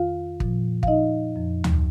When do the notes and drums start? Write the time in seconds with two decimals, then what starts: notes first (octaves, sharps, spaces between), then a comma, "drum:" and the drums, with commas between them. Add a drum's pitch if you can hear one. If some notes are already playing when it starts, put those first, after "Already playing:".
Already playing: F2 D#3 F4 F5
0.40 A#2 F3, drum: kick
0.83 F5, drum: kick
0.87 D#4 D#5
1.36 F2 F3
1.64 drum: tom D2